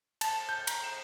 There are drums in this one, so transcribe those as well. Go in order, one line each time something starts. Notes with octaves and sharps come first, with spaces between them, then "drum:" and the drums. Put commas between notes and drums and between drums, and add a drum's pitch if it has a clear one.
A5, drum: cymbal
G6
A#5, drum: cymbal
E7